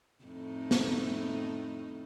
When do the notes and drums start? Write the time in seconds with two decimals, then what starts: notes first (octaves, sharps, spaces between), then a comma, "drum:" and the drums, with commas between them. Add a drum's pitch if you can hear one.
0.23 F2 A2 D#4
0.71 drum: snare